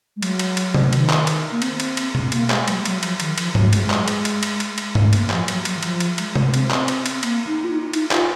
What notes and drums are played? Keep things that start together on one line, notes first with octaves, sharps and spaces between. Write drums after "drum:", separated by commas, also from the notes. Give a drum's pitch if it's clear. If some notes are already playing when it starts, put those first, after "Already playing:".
G#3
F#3, drum: cymbal
drum: cymbal
drum: cymbal
drum: tom C3
D#3, drum: cymbal
drum: clap
drum: cymbal
A#3
C4, drum: cymbal
drum: cymbal
drum: cymbal
drum: tom B2
A#3, drum: cymbal
G#3, drum: clap
F#3, drum: cymbal
F#3, drum: cymbal
F3, drum: cymbal
D#3, drum: cymbal
F3, drum: cymbal
F#3, drum: tom
G#3, drum: cymbal
drum: clap
drum: cymbal
drum: cymbal
drum: cymbal
drum: cymbal
drum: cymbal
drum: tom
A#3, drum: cymbal
F3, drum: clap
F#3, drum: cymbal
F#3, drum: cymbal
D#3
F3, drum: cymbal
drum: cymbal
G#3, drum: cymbal
drum: tom C3
C4, drum: cymbal
drum: clap
drum: cymbal
drum: cymbal
A#3, drum: cymbal
D#4
F4
D#4
D#4, drum: cymbal
F4, drum: clap